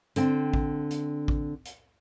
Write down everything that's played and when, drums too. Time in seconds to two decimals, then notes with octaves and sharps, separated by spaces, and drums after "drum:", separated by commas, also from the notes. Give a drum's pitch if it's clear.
0.16 D3 C4 G5, drum: hi-hat
0.53 drum: kick A1
0.91 drum: hi-hat
1.28 drum: kick A1
1.66 drum: hi-hat